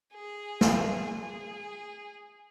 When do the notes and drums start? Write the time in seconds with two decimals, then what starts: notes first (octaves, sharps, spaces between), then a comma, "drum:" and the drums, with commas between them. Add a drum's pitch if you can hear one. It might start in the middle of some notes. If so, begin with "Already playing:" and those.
0.14 G#4
0.61 drum: snare
1.19 G#4